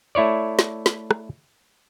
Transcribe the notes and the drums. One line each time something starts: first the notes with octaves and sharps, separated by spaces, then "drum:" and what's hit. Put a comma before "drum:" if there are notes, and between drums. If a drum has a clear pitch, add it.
A3 E4 C#5 D5
drum: snare
drum: snare
drum: rim click